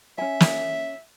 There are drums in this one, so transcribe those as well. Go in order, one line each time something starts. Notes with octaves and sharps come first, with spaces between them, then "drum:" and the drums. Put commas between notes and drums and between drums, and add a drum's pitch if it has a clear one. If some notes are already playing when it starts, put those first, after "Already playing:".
C#4 E5 G#5
drum: snare